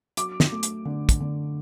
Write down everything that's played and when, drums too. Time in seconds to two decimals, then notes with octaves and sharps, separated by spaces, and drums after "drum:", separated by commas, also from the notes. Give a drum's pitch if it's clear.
0.17 F#3 D6, drum: hi-hat
0.40 drum: snare
0.52 A3
0.63 drum: hi-hat
0.85 D3
1.09 drum: kick, hi-hat
1.20 D3